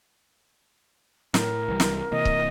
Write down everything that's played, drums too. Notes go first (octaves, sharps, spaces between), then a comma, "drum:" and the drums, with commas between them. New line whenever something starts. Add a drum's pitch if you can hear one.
A2 A#4, drum: snare
C2 E3 G3
drum: snare
C3 E3 A#3 D#5
drum: kick C#1